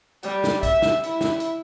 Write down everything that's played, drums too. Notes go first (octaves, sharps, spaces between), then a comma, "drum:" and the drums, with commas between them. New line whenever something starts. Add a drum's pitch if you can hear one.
G3, drum: hi-hat
drum: snare
E5, drum: kick, hi-hat
drum: snare
E4, drum: hi-hat
drum: snare
drum: hi-hat